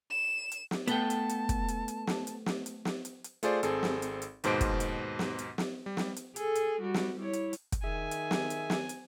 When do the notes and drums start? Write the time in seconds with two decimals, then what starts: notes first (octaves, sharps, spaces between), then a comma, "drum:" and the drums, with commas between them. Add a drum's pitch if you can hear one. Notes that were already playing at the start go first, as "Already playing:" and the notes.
0.10 E7
0.52 drum: hi-hat
0.71 drum: snare
0.87 A3 B3 A4 G5 A5, drum: hi-hat
1.10 drum: hi-hat
1.29 drum: hi-hat
1.49 drum: kick, hi-hat
1.68 drum: hi-hat
1.88 drum: hi-hat
2.07 drum: snare
2.27 drum: hi-hat
2.46 drum: snare
2.66 drum: hi-hat
2.85 drum: snare
3.05 drum: hi-hat
3.24 drum: hi-hat
3.43 A3 F4 G#4 C5 D5, drum: hi-hat
3.63 G#1 C4 G#4 A4, drum: hi-hat
3.83 drum: snare
4.02 drum: hi-hat
4.22 drum: hi-hat
4.44 D#2 G#2 B2 C5 D6 D7, drum: hi-hat
4.61 drum: kick, hi-hat
4.80 drum: hi-hat
5.19 drum: snare
5.39 drum: hi-hat
5.58 drum: snare
5.86 G3
5.97 drum: snare
6.16 drum: hi-hat
6.36 G#4 A4, drum: hi-hat
6.55 drum: hi-hat
6.81 G3 F#4
6.94 drum: snare
7.17 G3 E4 C#5
7.33 drum: hi-hat
7.53 drum: hi-hat
7.72 drum: kick, hi-hat
7.84 D#3 G#4 E5 G#5
8.11 drum: hi-hat
8.31 drum: snare
8.50 drum: hi-hat
8.70 drum: snare
8.89 drum: hi-hat